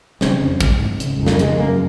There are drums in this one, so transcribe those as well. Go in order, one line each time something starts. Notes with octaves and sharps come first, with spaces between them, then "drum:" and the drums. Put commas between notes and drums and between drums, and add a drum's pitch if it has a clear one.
C#3 C4, drum: snare
F2
G#2, drum: kick, hi-hat
G#2
C#3, drum: hi-hat
F2
A#3, drum: snare
C#3 G#3, drum: hi-hat
F#2 A#3